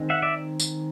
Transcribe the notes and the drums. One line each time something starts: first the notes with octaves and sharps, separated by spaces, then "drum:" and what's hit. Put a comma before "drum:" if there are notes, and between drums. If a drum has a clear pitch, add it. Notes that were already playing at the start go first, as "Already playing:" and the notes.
Already playing: D#3 G#3 C4
E5 F#5
D5 E5
drum: tambourine